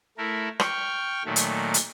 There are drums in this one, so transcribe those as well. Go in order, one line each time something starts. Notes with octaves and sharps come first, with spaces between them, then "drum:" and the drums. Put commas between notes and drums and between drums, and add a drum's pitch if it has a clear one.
A3 E4 A#4
G5 C#6 F6, drum: rim click
A#2 D#3 F#3 A3
drum: hi-hat
drum: hi-hat